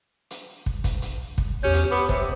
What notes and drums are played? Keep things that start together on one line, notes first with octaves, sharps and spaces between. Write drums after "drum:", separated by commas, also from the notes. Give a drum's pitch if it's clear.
drum: hi-hat
drum: kick
drum: kick, hi-hat
drum: hi-hat
drum: kick
E2 C#4 G4 G6
drum: hi-hat
B3 D6
C3 C5, drum: kick